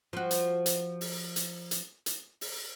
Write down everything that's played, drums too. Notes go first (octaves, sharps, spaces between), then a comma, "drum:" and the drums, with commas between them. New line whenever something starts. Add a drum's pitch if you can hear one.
F3 F#4
drum: hi-hat
drum: hi-hat
drum: open hi-hat
drum: hi-hat
drum: hi-hat
drum: hi-hat
drum: open hi-hat